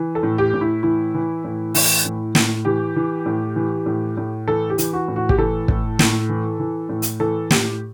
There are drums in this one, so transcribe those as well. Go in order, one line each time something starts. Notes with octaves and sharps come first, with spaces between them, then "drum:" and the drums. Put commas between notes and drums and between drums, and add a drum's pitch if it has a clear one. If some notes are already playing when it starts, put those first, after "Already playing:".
Already playing: E3
A4
A2
G4
A2
E4
E3 E4
E3
A2
E3, drum: open hi-hat
A2
A2, drum: snare
E3 G4
E3
A2
E3
A2
A2
E3 A4
G4
E3, drum: hi-hat
F#4
A2
F#4
G4, drum: kick
E3 A4
A2, drum: kick
A2, drum: snare
E3
E3
A2
drum: hi-hat
E3 A4
A2 G4, drum: snare